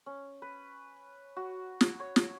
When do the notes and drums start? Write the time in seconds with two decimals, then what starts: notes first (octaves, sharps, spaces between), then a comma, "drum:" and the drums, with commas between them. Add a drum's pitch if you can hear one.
0.06 C#4
0.42 B4
1.36 F#4
1.81 drum: snare
2.00 C#5
2.16 drum: snare